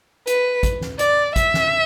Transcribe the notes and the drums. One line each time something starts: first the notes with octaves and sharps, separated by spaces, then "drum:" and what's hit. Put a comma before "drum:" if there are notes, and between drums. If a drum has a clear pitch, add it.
B4, drum: hi-hat
drum: kick, hi-hat
drum: snare
D5, drum: hi-hat
E5, drum: kick, hi-hat
drum: snare